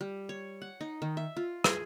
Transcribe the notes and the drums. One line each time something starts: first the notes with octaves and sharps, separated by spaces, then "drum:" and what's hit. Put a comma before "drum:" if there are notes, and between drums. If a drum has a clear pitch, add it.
G3
C#5
F#5
D#4
D#3
E5
F4
G#4, drum: rim click